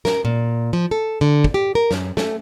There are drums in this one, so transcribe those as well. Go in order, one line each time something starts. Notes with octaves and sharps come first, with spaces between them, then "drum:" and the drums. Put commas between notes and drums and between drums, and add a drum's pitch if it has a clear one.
A#4, drum: snare
A#2
F3
A4
D3
drum: kick
G4
A#4
F#2, drum: snare
A3, drum: snare